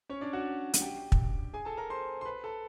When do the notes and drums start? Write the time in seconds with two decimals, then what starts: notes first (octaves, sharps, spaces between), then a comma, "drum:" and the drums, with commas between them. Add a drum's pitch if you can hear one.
0.09 C#4 C#5
0.21 D4 D5
0.33 F#4 F#5
0.74 F#5, drum: hi-hat
0.82 G4 G5
1.12 drum: kick
1.53 G#4 G#5
1.65 A4 A5
1.77 A#4 A#5
1.90 C5 C6
2.21 C6
2.25 B4 B5
2.44 A4 A5